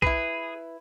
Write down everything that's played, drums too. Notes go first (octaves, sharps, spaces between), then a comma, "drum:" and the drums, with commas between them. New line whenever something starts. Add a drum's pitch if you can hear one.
E4 G#4 B4, drum: kick